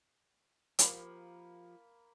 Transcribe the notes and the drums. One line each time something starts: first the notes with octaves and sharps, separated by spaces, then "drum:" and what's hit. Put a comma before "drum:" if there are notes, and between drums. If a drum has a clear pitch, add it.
F3 A#3 G4 B5, drum: hi-hat